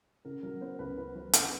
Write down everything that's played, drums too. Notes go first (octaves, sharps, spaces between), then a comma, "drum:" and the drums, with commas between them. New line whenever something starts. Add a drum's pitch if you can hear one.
C#3 A#4
F#3 A#4
B3 C5
C#2 B4
C#3 B4
F#3 B4
C#3 B4, drum: hi-hat
B4